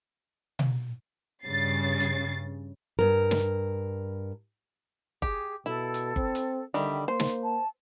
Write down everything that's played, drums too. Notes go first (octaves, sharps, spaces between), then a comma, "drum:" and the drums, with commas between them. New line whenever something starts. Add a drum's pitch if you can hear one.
drum: tom B2
G2 C#3 A6 C7
drum: hi-hat
G2 A#4
drum: snare
G4 G#4, drum: kick G1
B2 E4 A4
drum: hi-hat
C4, drum: kick G1
drum: hi-hat
D3 D#3 G3 E5
A#3 C5 C6
drum: snare
A5